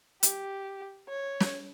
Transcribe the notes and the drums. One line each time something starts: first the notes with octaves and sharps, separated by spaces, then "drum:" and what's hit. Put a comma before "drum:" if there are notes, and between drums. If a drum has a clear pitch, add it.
G4, drum: hi-hat
C#5
drum: snare